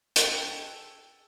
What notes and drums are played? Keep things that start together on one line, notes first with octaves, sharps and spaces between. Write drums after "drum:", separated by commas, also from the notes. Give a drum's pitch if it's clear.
G#4 A4 G5 G#5, drum: hi-hat